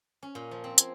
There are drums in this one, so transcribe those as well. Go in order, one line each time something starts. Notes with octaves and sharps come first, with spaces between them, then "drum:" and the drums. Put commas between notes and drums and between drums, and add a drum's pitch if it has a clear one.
C#4
A#2
F3
C4
G#5, drum: hi-hat